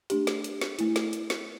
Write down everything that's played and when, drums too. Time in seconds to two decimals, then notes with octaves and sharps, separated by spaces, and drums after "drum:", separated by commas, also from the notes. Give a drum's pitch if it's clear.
0.10 A3 D4 G4, drum: hi-hat
0.27 drum: snare
0.44 drum: hi-hat
0.61 drum: snare
0.79 A3 E4, drum: hi-hat
0.96 drum: snare
1.13 drum: hi-hat
1.30 drum: snare